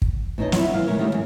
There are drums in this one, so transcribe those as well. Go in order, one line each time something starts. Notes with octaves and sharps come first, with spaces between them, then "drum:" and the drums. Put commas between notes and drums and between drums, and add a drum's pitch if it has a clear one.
drum: kick
E2 B2 D#4 C#5 D#5
F#3 E4 F4 C#5 E5 F#5, drum: snare
E3 F5
C#3 G#3 C#4 E4 A#4 C#5
D#3 G3 A3 D#4 G4 A4
E2 G#2 E3